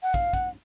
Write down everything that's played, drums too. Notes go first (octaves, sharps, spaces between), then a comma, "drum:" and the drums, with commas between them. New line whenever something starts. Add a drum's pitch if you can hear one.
F#5
F5, drum: kick, hi-hat
F#5, drum: kick, hi-hat